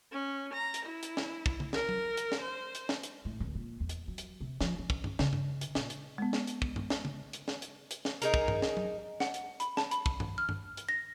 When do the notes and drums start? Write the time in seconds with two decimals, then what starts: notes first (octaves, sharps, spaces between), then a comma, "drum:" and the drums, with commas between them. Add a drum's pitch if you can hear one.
0.11 C#4
0.53 A#5
0.74 drum: hi-hat
0.85 E4
1.03 drum: hi-hat
1.17 drum: snare
1.46 drum: kick
1.60 drum: tom C#3
1.73 A#4, drum: snare
1.89 drum: tom F#3
2.17 drum: hi-hat
2.32 drum: snare
2.41 C5
2.75 drum: hi-hat
2.89 drum: snare
3.03 drum: hi-hat
3.25 A2
3.40 D1
3.55 A#2
3.80 E2
3.89 drum: hi-hat
4.08 F#3
4.18 drum: hi-hat
4.41 C3
4.61 F3, drum: snare
4.79 C#4
4.90 drum: kick
5.04 drum: tom G2
5.19 C#3, drum: snare
5.33 drum: tom G2
5.61 drum: hi-hat
5.75 A#2, drum: snare
5.90 drum: hi-hat
6.18 G#3 B3
6.33 drum: snare
6.47 drum: hi-hat
6.62 drum: kick
6.76 drum: tom G2
6.90 drum: snare
7.05 drum: tom C#3
7.33 drum: hi-hat
7.48 drum: snare
7.62 drum: hi-hat
7.91 drum: hi-hat
8.05 drum: snare
8.22 D#4 G#4 A#4, drum: hi-hat
8.34 drum: kick
8.48 drum: tom G2
8.62 drum: snare
8.77 drum: tom F#3
9.20 F#5, drum: snare
9.34 drum: hi-hat
9.60 B5, drum: hi-hat
9.77 A5, drum: snare
9.91 B5, drum: hi-hat
10.06 drum: kick
10.20 drum: tom G2
10.38 F6
10.49 drum: tom G2
10.77 drum: hi-hat
10.89 A#6